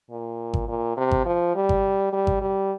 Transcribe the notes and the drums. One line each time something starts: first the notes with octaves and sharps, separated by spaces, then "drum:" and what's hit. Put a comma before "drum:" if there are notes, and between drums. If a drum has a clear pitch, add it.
A#2
drum: kick G#1
A#2
C3
drum: kick G#1
F3
G3
drum: kick G#1
G3
drum: kick G#1
G3